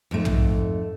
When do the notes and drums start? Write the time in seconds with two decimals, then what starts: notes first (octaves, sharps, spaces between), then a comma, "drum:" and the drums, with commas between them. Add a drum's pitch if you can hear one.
0.11 F2 G#2 A3
0.25 drum: tom